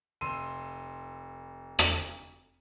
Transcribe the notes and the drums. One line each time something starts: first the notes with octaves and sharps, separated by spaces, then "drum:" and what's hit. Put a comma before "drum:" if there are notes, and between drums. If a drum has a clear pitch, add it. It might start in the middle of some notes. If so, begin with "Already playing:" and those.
F1 C6 E6 D#7
drum: rim click